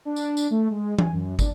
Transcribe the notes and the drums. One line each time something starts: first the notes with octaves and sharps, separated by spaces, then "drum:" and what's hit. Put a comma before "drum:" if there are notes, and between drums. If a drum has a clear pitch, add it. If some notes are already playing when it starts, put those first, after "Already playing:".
D4
drum: tambourine
drum: tambourine
A3
G#3
G#5, drum: tom E3
F#2
D4, drum: kick, tambourine